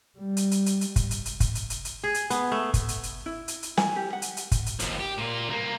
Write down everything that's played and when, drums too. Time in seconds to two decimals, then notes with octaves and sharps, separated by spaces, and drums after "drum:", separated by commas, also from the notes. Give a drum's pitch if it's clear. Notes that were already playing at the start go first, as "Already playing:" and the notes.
0.18 G3
0.37 drum: hi-hat
0.51 drum: hi-hat
0.66 drum: hi-hat
0.81 drum: hi-hat
0.96 drum: kick, hi-hat
1.11 drum: hi-hat
1.26 drum: hi-hat
1.40 drum: kick, hi-hat
1.55 drum: hi-hat
1.70 drum: hi-hat
1.85 drum: hi-hat
2.04 G#4
2.14 drum: hi-hat
2.30 B3, drum: hi-hat
2.52 A3
2.74 drum: kick, hi-hat
2.89 drum: hi-hat
3.03 drum: hi-hat
3.26 E4
3.48 drum: hi-hat
3.63 drum: hi-hat
3.77 G#5, drum: snare
3.96 G4
4.13 F#5
4.22 drum: hi-hat
4.37 drum: hi-hat
4.52 drum: kick, hi-hat
4.66 drum: hi-hat
4.79 D#2 F3, drum: hi-hat
5.00 G4
5.18 A#2 F4
5.48 C2 A#3